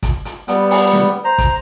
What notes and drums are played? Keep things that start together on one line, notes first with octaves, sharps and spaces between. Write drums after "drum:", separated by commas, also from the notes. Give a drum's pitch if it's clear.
drum: kick, hi-hat
drum: hi-hat
G3 B3, drum: hi-hat
drum: open hi-hat
drum: snare
C5 A#5
drum: kick, hi-hat